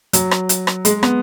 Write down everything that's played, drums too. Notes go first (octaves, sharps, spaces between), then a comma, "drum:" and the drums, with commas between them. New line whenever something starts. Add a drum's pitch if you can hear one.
F#3, drum: hi-hat
drum: rim click
drum: hi-hat
drum: rim click
G#3, drum: hi-hat
B3, drum: rim click